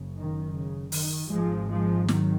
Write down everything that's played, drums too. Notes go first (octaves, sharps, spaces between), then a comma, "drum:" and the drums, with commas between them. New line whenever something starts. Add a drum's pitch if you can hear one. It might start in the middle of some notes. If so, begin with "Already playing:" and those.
Already playing: F#1 F#2 C#3
D#3
C#3
D#3, drum: open hi-hat
G#1 G#2 F3 G#3
F3 G#3
D#3 F#3, drum: snare